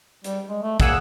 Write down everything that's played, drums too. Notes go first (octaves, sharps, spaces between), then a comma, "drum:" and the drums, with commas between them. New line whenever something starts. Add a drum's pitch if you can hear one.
G3, drum: hi-hat
G#3
A3
A#3 G#4 F#5 E6, drum: kick, hi-hat